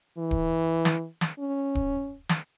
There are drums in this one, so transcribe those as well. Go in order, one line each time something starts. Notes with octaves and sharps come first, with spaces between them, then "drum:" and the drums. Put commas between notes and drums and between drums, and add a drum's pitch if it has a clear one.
E3
drum: kick D1
drum: snare
drum: snare
C#4
drum: kick D1
drum: snare